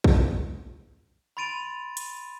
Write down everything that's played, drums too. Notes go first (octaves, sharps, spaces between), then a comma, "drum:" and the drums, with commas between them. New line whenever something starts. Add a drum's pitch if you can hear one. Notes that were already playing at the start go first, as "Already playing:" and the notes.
drum: kick
B5 C6 A6 D7 D#7 F7
drum: hi-hat